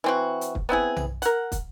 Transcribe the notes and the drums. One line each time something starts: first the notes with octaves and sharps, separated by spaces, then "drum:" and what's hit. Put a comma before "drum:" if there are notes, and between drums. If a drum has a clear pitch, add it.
E3 C4 F#4
drum: hi-hat
drum: kick
B3 C4 E4 G#4
drum: tom B1
A#4 F#5, drum: hi-hat
drum: kick, hi-hat